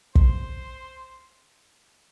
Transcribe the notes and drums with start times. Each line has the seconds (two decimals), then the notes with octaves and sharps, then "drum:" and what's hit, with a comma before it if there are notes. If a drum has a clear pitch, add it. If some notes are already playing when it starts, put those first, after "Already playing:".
0.15 C5, drum: kick